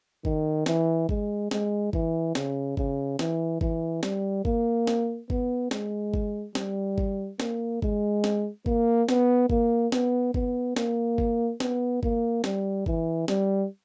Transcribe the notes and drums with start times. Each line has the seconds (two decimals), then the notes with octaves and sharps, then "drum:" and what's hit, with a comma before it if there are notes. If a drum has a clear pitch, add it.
0.25 D#3, drum: kick G1
0.66 E3, drum: snare
1.09 G#3, drum: kick G1
1.51 G#3, drum: snare
1.93 E3, drum: kick G1
2.35 C#3, drum: snare
2.77 C#3, drum: kick G1
3.19 E3, drum: snare
3.61 E3, drum: kick G1
4.03 G3, drum: snare
4.45 A#3, drum: kick G1
4.87 drum: snare
5.30 B3, drum: kick G1
5.71 G#3, drum: snare
6.14 drum: kick G1
6.55 G3, drum: snare
6.98 drum: kick G1
7.40 A#3, drum: snare
7.82 G#3, drum: kick G1
8.24 drum: snare
8.66 A#3, drum: kick G1
9.09 B3, drum: snare
9.50 A#3, drum: kick G1
9.92 B3, drum: snare
10.34 B3, drum: kick G1
10.76 A#3, drum: snare
11.18 drum: kick G1
11.60 B3, drum: snare
12.03 A#3, drum: kick G1
12.44 G3, drum: snare
12.86 E3, drum: kick G1
13.28 G3, drum: snare